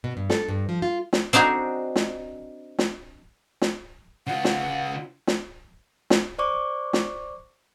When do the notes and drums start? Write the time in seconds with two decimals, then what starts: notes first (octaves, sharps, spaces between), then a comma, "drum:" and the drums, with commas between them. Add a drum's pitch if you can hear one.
0.04 B2
0.17 G2
0.30 A4, drum: snare
0.48 G2
0.69 F3
0.82 F4
1.13 drum: snare
1.33 C4 D4 D#4 F#4 G#4
1.96 drum: snare
2.79 drum: snare
3.62 drum: snare
4.27 C#3 F4 F#5
4.44 drum: snare
5.27 drum: snare
6.10 drum: snare
6.38 C5 D5 C#6 D6
6.93 drum: snare